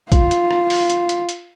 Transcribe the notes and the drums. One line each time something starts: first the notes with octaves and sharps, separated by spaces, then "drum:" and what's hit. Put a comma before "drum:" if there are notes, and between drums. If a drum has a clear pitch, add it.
F4, drum: kick, hi-hat
drum: hi-hat
drum: rim click
drum: open hi-hat
drum: hi-hat
drum: hi-hat
drum: hi-hat